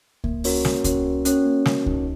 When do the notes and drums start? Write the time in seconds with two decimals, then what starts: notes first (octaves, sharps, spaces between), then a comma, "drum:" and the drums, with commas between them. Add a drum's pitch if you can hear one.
0.24 A#3, drum: kick C#2
0.44 C#4 F#4 A#4 C#5, drum: open hi-hat
0.65 A#3, drum: snare
0.84 C#4 F#4 A#4 C#5, drum: kick C#2, hi-hat
1.05 A#3
1.25 C#4 F#4 A#4 C#5, drum: hi-hat
1.46 A#3
1.66 C#4 F#4 A#4 C#5, drum: snare
1.86 D#4, drum: kick C#2